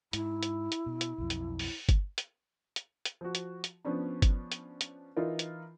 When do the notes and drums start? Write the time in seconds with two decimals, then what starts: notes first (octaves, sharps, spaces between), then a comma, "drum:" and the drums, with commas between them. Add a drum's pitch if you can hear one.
0.13 G#2 E4, drum: hi-hat
0.43 drum: hi-hat
0.72 drum: hi-hat
0.86 B2
1.01 drum: hi-hat
1.18 B1 F2
1.30 drum: hi-hat
1.59 drum: open hi-hat
1.89 drum: kick G1, hi-hat
2.18 drum: hi-hat
2.76 drum: hi-hat
3.05 drum: hi-hat
3.21 F3 F#4
3.35 drum: hi-hat
3.64 drum: hi-hat
3.85 F3 B3 C#4 D4
4.22 drum: kick G1, hi-hat
4.52 drum: hi-hat
4.81 drum: hi-hat
5.17 E3 D#4 F4 A#4
5.39 drum: hi-hat